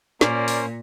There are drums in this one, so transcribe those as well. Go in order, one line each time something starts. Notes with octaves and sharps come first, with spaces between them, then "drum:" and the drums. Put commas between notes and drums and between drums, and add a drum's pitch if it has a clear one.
A#2 A#3 C#4 C5 D5, drum: snare
drum: open hi-hat